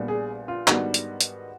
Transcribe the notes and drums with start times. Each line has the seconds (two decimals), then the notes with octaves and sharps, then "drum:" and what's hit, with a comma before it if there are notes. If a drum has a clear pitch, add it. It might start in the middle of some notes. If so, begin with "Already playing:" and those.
Already playing: A#1 A#2 G3 B3
0.08 G#4
0.48 F4
0.67 G#2 D#3 G3 B3 D4 F#4, drum: clap
0.94 drum: hi-hat
1.21 drum: hi-hat